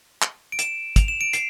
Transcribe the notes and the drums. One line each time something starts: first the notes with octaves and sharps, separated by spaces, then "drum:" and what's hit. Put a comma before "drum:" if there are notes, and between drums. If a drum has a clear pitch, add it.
drum: clap
D7
E7, drum: hi-hat
F7, drum: kick, hi-hat
E7
D7
C7, drum: hi-hat